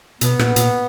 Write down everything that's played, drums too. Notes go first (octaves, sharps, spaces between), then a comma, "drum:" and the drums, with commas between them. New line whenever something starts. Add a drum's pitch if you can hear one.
B2 B3, drum: hi-hat
A#2, drum: rim click
A#2, drum: hi-hat